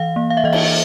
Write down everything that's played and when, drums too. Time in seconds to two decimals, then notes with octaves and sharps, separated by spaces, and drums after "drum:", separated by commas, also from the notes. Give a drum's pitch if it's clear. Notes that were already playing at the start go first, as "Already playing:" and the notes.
Already playing: E3 F5
0.16 A#3
0.30 F5
0.37 E5
0.44 E3 D#5
0.53 E5, drum: cymbal
0.65 E5